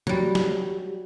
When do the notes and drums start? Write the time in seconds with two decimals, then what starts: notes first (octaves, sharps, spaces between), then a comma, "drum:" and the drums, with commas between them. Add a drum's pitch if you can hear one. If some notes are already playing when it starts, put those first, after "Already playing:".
0.07 F#3 G3, drum: tom
0.35 drum: snare